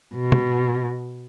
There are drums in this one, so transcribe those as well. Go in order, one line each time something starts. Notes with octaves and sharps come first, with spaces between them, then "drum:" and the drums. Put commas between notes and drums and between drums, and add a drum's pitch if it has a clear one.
B2
drum: tom B2